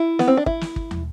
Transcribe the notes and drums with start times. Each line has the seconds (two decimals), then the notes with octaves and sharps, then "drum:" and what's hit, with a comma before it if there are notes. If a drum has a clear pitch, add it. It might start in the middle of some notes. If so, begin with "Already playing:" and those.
Already playing: E4
0.19 B3, drum: snare
0.28 C4
0.37 D4
0.46 E4, drum: kick
0.61 drum: snare
0.76 drum: kick
0.91 drum: tom